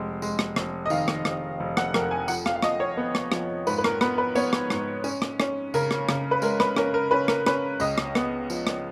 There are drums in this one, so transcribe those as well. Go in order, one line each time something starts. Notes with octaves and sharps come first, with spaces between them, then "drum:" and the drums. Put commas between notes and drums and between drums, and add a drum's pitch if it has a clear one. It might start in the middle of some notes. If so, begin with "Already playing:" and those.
Already playing: F1 G#3
G#3, drum: tambourine
drum: rim click
F1, drum: rim click
D#5
D#3 F5, drum: tambourine
drum: rim click
F1, drum: rim click
F1
F#5, drum: rim click
F2 A#4, drum: rim click
G#5
F3 F#5, drum: tambourine
F5, drum: rim click
F5
F3 D#5, drum: rim click
C#5
B3
drum: rim click
F3, drum: rim click
G#2 B4, drum: tambourine
B4
A#4, drum: rim click
B3 B4, drum: rim click
B4
B3 C#5, drum: tambourine
drum: rim click
G#2, drum: rim click
C#4, drum: tambourine
drum: rim click
C#4, drum: rim click
C#3 A#4, drum: tambourine
drum: rim click
C#3, drum: rim click
B4
G#3 A#4, drum: tambourine
B4, drum: rim click
C#4 A#4, drum: rim click
A#4
C#4 B4
A#4, drum: rim click
C#4 B4, drum: rim click
C#2 D#5, drum: tambourine
drum: rim click
B3, drum: rim click
F3, drum: tambourine
drum: rim click